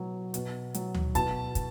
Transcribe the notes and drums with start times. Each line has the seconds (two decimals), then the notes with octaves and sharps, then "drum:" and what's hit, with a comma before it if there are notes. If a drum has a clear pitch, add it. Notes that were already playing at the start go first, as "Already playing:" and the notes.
Already playing: B2 F#3
0.34 B2, drum: hi-hat
0.74 F#3, drum: hi-hat
0.95 drum: tom D2
1.15 B2 A5, drum: kick, hi-hat
1.55 drum: kick, hi-hat